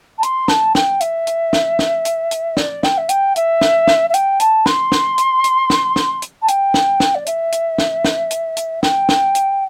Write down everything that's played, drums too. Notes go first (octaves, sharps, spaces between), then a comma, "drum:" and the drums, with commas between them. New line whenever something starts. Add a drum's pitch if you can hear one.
A5
C6, drum: hi-hat
A5, drum: snare
G5, drum: snare
E5, drum: hi-hat
drum: hi-hat
drum: snare
drum: snare
drum: hi-hat
drum: hi-hat
D5, drum: snare
G5, drum: snare
E5
G5, drum: hi-hat
E5, drum: hi-hat
drum: snare
drum: snare
E5
G5, drum: hi-hat
A5, drum: hi-hat
C6, drum: snare
drum: snare
drum: hi-hat
drum: hi-hat
drum: snare
drum: snare
drum: hi-hat
A5
G5, drum: hi-hat
drum: snare
drum: snare
D5
E5, drum: hi-hat
drum: hi-hat
drum: snare
drum: snare
drum: hi-hat
drum: hi-hat
G5, drum: snare
drum: snare
drum: hi-hat